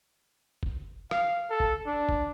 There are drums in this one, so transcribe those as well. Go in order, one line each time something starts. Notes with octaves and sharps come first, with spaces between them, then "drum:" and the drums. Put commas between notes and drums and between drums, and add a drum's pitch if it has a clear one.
drum: kick
F5, drum: rim click
A4
drum: kick
D4
drum: kick